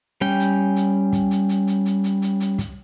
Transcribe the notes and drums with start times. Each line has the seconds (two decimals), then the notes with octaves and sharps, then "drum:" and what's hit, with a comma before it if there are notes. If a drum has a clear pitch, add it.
0.21 G3 C#4 G5
0.40 drum: hi-hat
0.76 drum: hi-hat
1.13 drum: kick, hi-hat
1.31 drum: hi-hat
1.49 drum: hi-hat
1.67 drum: hi-hat
1.86 drum: hi-hat
2.04 drum: hi-hat
2.22 drum: hi-hat
2.40 drum: hi-hat
2.58 drum: kick, hi-hat